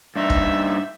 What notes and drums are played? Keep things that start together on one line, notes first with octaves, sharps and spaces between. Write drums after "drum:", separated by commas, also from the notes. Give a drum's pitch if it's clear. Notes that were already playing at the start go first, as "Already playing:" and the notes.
G2 D#4 E5
drum: kick